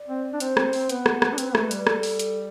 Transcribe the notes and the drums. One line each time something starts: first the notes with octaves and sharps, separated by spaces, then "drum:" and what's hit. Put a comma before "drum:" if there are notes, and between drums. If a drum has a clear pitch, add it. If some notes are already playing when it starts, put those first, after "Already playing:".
Already playing: D5
C4
D4
C4 C5, drum: hi-hat
C4, drum: rim click
C4, drum: open hi-hat
B3 B4, drum: hi-hat
drum: rim click
drum: rim click
D4
C4, drum: hi-hat
A3, drum: rim click
G3, drum: hi-hat
A4, drum: rim click
drum: open hi-hat
drum: hi-hat